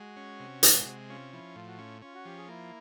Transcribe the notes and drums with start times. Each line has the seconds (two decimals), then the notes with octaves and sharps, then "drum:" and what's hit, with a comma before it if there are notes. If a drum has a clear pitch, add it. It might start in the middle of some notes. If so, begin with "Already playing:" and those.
Already playing: G#3 F#4
0.16 C#4
0.40 C3
0.63 G#3, drum: hi-hat
0.86 C3
1.09 C#4 F4
1.33 F3 E4
1.56 A2 F4
1.67 F#4
1.77 C#4 F4
2.02 C#4 F4
2.14 F#4
2.25 F3 G4
2.37 G#4
2.49 A#3 E4